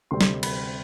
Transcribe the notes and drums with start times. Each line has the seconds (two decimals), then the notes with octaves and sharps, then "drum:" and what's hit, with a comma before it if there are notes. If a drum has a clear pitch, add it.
0.11 D2 C3 G3 C4 C6
0.21 drum: snare
0.43 B5, drum: cymbal